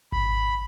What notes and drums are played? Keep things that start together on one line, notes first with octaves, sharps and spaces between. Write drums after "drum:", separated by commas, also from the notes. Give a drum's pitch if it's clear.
B5, drum: kick G#1